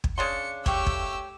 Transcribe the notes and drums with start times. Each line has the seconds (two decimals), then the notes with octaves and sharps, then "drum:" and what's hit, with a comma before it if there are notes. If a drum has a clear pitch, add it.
0.04 drum: kick
0.18 C#3 D4 C6 C#7
0.66 A3 G4 C#5 G5 E6, drum: kick
0.86 drum: kick